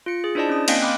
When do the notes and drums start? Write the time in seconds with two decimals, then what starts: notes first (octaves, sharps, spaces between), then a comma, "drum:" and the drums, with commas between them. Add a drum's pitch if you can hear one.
0.06 F4 C#7
0.24 G#4
0.35 D4 E4 C5 D5 D#5 A5
0.49 C#4 D#6
0.68 A#3 C4 D#5 F5 G5 G#5, drum: cymbal
0.82 G5 B5 C6 D6 F6 F#6